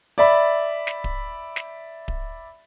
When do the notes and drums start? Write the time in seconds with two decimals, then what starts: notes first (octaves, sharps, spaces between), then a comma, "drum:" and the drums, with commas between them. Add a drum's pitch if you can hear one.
0.18 D5 E5 B5
0.87 drum: snare
1.04 drum: kick D1
1.56 drum: snare
2.08 drum: kick D1